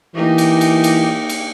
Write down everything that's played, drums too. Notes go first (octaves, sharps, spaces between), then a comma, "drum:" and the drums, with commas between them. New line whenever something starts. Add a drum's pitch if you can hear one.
E3 A#3 D#4 G4
drum: cymbal
drum: cymbal
drum: cymbal
drum: cymbal